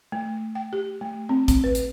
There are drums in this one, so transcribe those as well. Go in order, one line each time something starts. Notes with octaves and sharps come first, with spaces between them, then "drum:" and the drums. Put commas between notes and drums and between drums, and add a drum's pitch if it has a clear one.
A3
G5
G4
A3
C4
C4, drum: kick, hi-hat
B4
drum: hi-hat